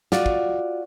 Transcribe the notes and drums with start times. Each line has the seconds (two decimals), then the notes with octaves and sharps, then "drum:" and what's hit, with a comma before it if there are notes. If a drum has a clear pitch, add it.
0.12 F4 F#4 D5, drum: snare
0.26 drum: kick